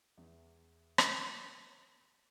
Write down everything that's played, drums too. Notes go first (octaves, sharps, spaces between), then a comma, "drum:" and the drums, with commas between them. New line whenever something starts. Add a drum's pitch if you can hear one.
E2 E3
drum: rim click